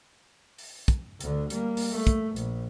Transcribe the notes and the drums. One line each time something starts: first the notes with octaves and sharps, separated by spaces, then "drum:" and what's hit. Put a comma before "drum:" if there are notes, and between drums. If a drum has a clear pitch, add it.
drum: open hi-hat
drum: kick, hi-hat
D2 D3, drum: hi-hat
G3 A#3, drum: hi-hat
drum: open hi-hat
A3
drum: kick, hi-hat
A#1, drum: hi-hat